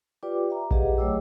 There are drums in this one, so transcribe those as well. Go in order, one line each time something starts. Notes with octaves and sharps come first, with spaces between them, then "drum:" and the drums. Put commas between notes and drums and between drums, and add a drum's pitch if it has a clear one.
F4 G4 B4 D5 G5 D6
E5 A#5
G4 G#4 B4 D#5 F5 F#5, drum: kick A#1
F#3 A3 C#5 G5 D6 E6